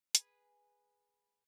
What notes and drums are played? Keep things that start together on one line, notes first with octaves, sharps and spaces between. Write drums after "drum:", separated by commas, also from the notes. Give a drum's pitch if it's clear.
G#4 B4, drum: hi-hat